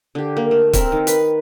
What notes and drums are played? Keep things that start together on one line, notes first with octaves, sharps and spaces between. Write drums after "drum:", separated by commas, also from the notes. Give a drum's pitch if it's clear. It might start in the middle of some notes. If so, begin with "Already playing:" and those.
D3 G4
A#3
A3
C4 A#4 E5, drum: kick, hi-hat
D#3
B4, drum: hi-hat